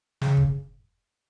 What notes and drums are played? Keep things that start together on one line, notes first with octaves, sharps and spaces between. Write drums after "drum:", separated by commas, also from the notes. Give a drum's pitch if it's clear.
C#3, drum: snare
drum: kick